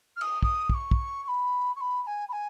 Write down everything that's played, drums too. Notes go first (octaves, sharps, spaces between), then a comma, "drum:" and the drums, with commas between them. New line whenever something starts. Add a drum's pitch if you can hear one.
F6
D#6, drum: cymbal
D#6, drum: kick
D#6, drum: kick
C#6
drum: kick
C#6
B5
C#6
B5
B5
G#5
B5
G#5